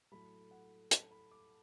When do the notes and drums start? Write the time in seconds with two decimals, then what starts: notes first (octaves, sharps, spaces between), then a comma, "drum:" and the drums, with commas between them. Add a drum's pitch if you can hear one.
0.12 A2 F#3 A3 B5
0.51 F#5
0.91 A5, drum: hi-hat
1.11 B5
1.31 D6